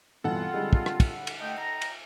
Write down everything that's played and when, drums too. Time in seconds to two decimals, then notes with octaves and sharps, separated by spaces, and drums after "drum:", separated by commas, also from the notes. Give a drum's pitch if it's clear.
0.24 G2 B2 E3 C4 F4 A4 F#5
0.54 D3 G3 G#3
0.73 drum: kick
0.86 drum: rim click
1.00 drum: kick, cymbal
1.27 drum: cymbal
1.41 A3 D#5 G5
1.58 D#5 G5 A#5
1.82 drum: cymbal